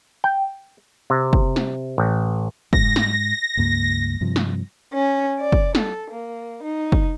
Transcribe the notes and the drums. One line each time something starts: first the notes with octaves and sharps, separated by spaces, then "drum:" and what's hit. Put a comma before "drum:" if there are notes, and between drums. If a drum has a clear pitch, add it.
G5
C3
drum: kick
drum: snare
A1
G#2 A#6, drum: kick
drum: snare
C#2 G2 A#3
G2 C3 F3
drum: snare
C#4
D5
drum: kick
A4, drum: snare
A#3
D#4
drum: kick